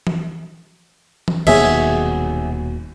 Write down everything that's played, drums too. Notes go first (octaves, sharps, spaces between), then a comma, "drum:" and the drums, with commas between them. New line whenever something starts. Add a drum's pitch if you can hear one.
drum: tom E3
drum: tom E3
D#1 D#2 B2 F#3 G#4 E5, drum: cymbal